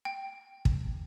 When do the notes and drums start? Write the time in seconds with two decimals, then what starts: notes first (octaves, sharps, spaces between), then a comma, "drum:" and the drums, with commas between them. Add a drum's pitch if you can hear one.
0.05 G5
0.65 drum: kick